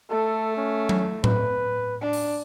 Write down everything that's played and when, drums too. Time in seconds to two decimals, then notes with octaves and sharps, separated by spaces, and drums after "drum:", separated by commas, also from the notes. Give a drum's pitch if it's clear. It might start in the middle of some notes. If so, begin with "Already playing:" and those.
0.11 A3 A4
0.57 C#4
0.89 drum: tom F#3
1.24 B4, drum: tom A2
2.02 D4
2.13 drum: open hi-hat